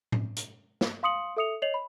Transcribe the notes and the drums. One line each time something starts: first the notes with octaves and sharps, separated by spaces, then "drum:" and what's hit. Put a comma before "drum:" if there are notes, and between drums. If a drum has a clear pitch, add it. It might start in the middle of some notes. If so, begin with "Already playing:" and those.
drum: tom A2
drum: hi-hat
drum: snare
F5 C6 D#6 C#7 F#7
A4 E5 D#6 C#7 F7
C#5 D#5 C7 F7 F#7
B5